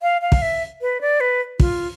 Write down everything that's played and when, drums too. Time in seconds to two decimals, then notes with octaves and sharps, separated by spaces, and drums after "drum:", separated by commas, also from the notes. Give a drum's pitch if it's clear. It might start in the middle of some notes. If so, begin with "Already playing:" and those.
0.02 F5
0.22 F5
0.32 drum: kick
0.42 E5
0.82 B4
1.01 D5
1.20 B4
1.60 F4, drum: kick